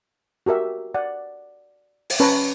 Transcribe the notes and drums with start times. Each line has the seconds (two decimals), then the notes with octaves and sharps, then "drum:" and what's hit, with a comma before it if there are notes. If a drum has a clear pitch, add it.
0.46 F#4 G4 A#4 E5
0.94 D5 F#5
2.10 drum: open hi-hat
2.20 C#4 B4 C#5 A5 A#5